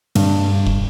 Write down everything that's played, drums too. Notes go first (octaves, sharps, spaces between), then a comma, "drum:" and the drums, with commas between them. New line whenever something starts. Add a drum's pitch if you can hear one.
G2, drum: cymbal
drum: kick F1